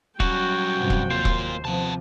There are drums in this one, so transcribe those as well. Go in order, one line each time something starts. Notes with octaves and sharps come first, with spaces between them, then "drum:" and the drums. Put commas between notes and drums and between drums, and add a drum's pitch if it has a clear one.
F#3 G3 C#4 F#4 G5, drum: kick E1
G2 C3 F3
drum: kick E1
D#2 A#3 F4 C5
drum: kick E1
C3 F3 B3 A5